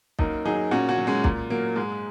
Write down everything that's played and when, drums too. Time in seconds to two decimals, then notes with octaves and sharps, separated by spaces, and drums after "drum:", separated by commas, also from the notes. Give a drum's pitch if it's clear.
0.19 F#2 A#3 D#4, drum: kick
0.45 F#3 D#4 G#4
0.71 A#2 C#4 F#4
0.89 C#4 F#4
0.98 F#3
1.07 G#3 C#4
1.24 A#2, drum: kick
1.50 F#3 A#3
1.76 G#2 G#3